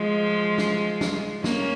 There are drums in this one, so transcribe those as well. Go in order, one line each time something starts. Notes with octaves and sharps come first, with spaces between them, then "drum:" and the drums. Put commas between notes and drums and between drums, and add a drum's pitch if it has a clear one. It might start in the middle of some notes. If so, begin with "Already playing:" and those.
Already playing: F3 G#3
drum: snare
drum: snare
A#3 C#4, drum: snare